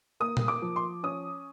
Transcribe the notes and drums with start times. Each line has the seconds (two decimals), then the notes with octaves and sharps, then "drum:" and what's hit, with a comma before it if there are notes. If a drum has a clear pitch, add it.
0.20 A#3 D#6
0.37 drum: tom A#2
0.48 D6
0.62 F3
0.76 C6
1.03 C#4 D#6